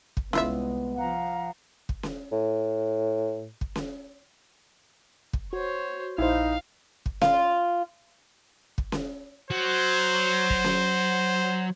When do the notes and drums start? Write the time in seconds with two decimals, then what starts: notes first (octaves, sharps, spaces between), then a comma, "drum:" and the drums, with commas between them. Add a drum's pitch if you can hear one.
0.17 drum: kick
0.33 C2 G#3 B3 E4 F4 E5, drum: snare C#4
0.97 F3 F5 F#5 A#5
1.89 drum: kick
2.03 drum: snare C#4
2.32 A2
3.61 drum: kick
3.76 drum: snare C#4
5.33 drum: kick
5.53 F#4 C5 C#5
6.18 A#1 D#4 E4 C5 F5
7.06 drum: kick
7.22 F4, drum: snare C#4
8.78 drum: kick
8.92 drum: snare C#4
9.50 F#3 C5
10.50 drum: kick
10.64 drum: snare C#4